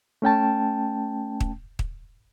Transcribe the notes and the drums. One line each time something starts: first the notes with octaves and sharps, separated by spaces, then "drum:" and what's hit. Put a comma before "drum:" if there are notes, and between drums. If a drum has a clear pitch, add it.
A3 C#4 G5 A5
drum: kick
drum: kick